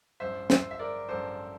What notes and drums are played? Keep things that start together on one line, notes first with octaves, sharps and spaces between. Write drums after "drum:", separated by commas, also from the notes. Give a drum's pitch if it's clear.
A1 G2 F3 C5 E5
C5 E5, drum: snare
E5
A#4 D5
A1 G2 F3 A4 C5